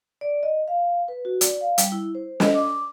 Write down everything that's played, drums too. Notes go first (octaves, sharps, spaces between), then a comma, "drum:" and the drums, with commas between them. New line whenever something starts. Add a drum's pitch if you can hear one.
D5
D#5
F5
B4
F#4
D5, drum: hi-hat
F5
G3, drum: hi-hat
E4
C5
D#5, drum: snare
D6